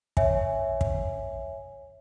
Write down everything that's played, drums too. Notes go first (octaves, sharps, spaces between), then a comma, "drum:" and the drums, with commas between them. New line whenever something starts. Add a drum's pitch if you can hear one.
C#5 E5 G#5, drum: kick
drum: kick